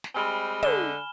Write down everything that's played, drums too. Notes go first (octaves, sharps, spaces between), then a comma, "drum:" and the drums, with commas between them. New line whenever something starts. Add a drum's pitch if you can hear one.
drum: snare
G3 G#3 C4 G#5 B5 F6
D3 G#3 E7 G7, drum: tom